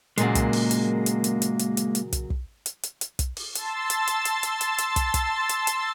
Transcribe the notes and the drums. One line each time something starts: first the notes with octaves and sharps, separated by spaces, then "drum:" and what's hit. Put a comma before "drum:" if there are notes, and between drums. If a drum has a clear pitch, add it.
A#2 C#3 F#3 G#3 A#3, drum: hi-hat
drum: kick, hi-hat
drum: open hi-hat
drum: hi-hat
drum: hi-hat
drum: hi-hat
drum: hi-hat
drum: hi-hat
drum: hi-hat
drum: hi-hat
drum: kick, hi-hat
drum: kick
drum: hi-hat
drum: hi-hat
drum: hi-hat
drum: kick, hi-hat
drum: open hi-hat
A5 C6 E6 A6, drum: hi-hat
drum: hi-hat
drum: hi-hat
drum: hi-hat
drum: hi-hat
drum: hi-hat
drum: hi-hat
drum: kick, hi-hat
drum: kick, hi-hat
drum: hi-hat
drum: hi-hat